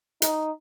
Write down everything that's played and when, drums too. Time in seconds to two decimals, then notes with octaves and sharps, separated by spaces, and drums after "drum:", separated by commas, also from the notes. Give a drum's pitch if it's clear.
0.22 D#4, drum: hi-hat